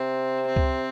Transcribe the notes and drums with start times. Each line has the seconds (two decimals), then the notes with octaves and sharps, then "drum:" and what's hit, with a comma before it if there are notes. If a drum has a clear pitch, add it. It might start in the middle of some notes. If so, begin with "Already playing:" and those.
Already playing: C3 C4
0.47 C4
0.56 drum: kick C#2